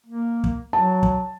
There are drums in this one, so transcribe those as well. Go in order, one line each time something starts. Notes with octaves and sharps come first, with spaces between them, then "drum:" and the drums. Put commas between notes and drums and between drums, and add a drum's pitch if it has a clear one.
A#3
drum: kick
F#3 A5
drum: kick